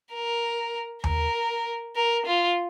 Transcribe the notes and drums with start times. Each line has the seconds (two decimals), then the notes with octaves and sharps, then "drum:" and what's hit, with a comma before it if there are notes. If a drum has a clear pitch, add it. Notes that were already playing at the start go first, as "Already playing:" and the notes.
0.13 A#4
1.04 A#4, drum: tom D#2
1.96 A#4
2.26 F4